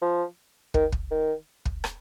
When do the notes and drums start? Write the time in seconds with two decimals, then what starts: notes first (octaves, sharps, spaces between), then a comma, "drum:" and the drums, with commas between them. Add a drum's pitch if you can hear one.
0.02 F3
0.74 D#3, drum: kick
0.92 drum: kick
1.11 D#3
1.65 drum: kick
1.84 drum: rim click